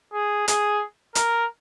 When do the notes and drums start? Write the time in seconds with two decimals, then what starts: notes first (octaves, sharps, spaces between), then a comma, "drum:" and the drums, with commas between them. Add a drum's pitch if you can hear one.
0.13 G#4
0.48 G#4, drum: hi-hat
1.15 A#4, drum: hi-hat